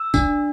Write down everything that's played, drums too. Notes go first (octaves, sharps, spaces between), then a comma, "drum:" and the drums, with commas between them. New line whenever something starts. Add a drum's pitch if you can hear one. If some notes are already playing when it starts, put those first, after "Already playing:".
Already playing: E6
D4, drum: kick A#1, tambourine